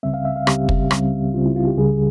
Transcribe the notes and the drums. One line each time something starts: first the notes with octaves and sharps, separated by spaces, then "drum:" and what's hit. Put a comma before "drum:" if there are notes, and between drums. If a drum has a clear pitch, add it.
C#2 C#3 G3 C4 E5
F5
E5
F5
C#2 C#3 G3 C4 G4, drum: rim click
drum: kick
C#2 C#3 G3 C4, drum: rim click
C#2 C#3 G3 C4 F4
E4
F4
G4
C#2 C#3 G3 G#4